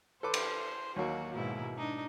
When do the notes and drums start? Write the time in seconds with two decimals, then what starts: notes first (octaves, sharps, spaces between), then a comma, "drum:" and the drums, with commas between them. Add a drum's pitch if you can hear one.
0.23 A4 B4 C5 D6
0.34 drum: cymbal
0.96 D#2 F#3 A#3 F#4
1.34 G#2 B2 E4
1.77 D4 D#4